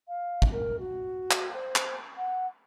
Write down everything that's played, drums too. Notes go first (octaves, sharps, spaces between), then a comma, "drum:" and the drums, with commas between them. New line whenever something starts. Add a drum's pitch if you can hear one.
F5
drum: kick
A#4
F#4
drum: clap
C5
drum: clap
F#5